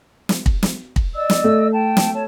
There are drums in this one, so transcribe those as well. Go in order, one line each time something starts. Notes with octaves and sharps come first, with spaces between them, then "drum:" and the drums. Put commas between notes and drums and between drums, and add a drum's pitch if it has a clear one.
drum: snare
drum: kick
drum: snare
drum: kick
D5 D#5 E6
drum: snare
A3
G5 A5
drum: snare
C#5 A5